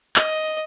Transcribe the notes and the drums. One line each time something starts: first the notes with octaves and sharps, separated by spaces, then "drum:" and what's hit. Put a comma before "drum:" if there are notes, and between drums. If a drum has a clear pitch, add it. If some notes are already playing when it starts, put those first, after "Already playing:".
D#5, drum: clap